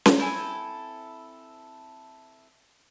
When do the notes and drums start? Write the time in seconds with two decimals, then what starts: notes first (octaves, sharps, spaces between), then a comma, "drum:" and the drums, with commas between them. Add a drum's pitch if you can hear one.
0.06 drum: snare C#4
0.19 C4 E4 A4 G#5